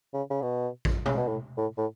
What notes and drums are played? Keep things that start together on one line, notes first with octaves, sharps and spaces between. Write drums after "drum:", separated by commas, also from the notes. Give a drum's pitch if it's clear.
C#3
C#3
B2
drum: kick A1
C#3, drum: tom B2
B2
A2
A2
A2